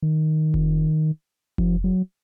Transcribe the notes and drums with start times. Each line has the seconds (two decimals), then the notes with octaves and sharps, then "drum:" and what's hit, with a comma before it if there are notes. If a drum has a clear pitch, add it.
0.02 D#3
0.54 drum: kick F1
1.58 F3, drum: kick F1
1.84 F#3